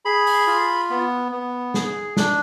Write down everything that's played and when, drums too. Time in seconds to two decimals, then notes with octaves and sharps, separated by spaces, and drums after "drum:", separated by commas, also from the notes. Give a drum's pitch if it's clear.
0.05 G#4 B5
0.27 drum: open hi-hat
0.47 F4
0.90 B3
1.32 B3
1.74 G#4, drum: snare
2.17 D4, drum: snare